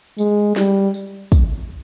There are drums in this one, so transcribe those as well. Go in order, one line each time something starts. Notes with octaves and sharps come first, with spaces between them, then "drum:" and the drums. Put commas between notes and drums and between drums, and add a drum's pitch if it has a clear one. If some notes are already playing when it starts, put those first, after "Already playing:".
G#3, drum: tambourine
G3, drum: snare
drum: tambourine
drum: kick, tambourine